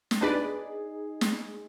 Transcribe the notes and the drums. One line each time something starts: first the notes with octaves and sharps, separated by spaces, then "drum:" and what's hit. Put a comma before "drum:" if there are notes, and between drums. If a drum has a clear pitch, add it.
drum: snare
D4 D#4 G#4 B4 D5
drum: snare